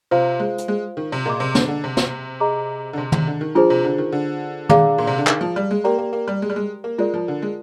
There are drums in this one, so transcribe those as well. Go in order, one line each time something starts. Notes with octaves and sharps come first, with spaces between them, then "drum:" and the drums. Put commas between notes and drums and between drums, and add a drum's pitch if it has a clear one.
C3 F4 C5 F5
G#3
drum: hi-hat
G#3
D#3
C3
A#2 G#4 D#5 A#5 D6
C3
D3, drum: snare
D3
C3
drum: snare
G#4 D#5 A#5 D6
D3
C3
C3, drum: tom
D3
D#3
F3 D4 F4 G#4 C5
C3
D3
D#3
D3
G#4 D5 F5 A#5 D6, drum: tom
A#2
C3
D3
D#3, drum: clap
F3
G3
G#3
A#3 G4 A#4 D5 G5 A#5
A#3
A#3
G3
G#3
G3
G#3
A#3
G#3 F4 A#4 D5
F3
D3
G#3